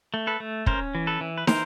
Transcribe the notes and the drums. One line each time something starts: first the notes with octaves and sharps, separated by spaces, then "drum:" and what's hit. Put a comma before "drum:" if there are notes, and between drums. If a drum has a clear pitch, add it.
A3
A4 B4
A3
C#4 A#4 C5, drum: kick
E3
A4 B4
E3
B4
E3 A#4 C5, drum: snare